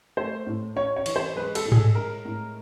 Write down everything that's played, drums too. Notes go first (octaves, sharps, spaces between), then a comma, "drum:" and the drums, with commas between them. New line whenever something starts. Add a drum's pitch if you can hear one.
A3 C5
A2
C#4 C#5
C#5
E3, drum: cymbal
C5
G#3 B4
A4, drum: cymbal
A2
G#4, drum: tom G#2
A4
G#3 A#4
A2